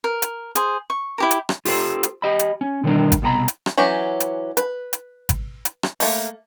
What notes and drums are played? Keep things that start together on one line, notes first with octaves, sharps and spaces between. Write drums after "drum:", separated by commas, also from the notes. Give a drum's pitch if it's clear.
A#4
drum: hi-hat
G#4 C5, drum: hi-hat
C#6
E4 G4 A#4
drum: hi-hat
drum: rim click
F4 G4 A4 C5, drum: open hi-hat
drum: hi-hat
G4 D#5 B5
drum: hi-hat
C#4
B2 D3 D#3 G3 D4 A#4
drum: kick G#1, hi-hat
C2 B2 F#4 A#5 B5
drum: hi-hat
drum: rim click
E3 F#3 C#4 G4
drum: hi-hat
B4, drum: hi-hat
drum: hi-hat
drum: kick G#1, hi-hat
drum: hi-hat
drum: rim click
A3 A#3, drum: open hi-hat